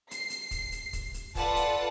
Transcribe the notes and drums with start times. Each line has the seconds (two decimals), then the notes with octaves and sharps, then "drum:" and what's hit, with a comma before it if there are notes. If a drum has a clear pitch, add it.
0.11 C7, drum: hi-hat
0.30 drum: hi-hat
0.51 drum: kick, hi-hat
0.72 drum: hi-hat
0.93 drum: kick, hi-hat
1.14 drum: hi-hat
1.35 F4 A4 B4 D5 F#5 A5, drum: kick, open hi-hat
1.56 drum: hi-hat